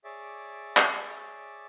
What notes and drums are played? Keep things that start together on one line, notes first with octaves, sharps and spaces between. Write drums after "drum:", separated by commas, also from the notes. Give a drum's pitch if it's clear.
G#4 C#5 D5 E5 D6
drum: clap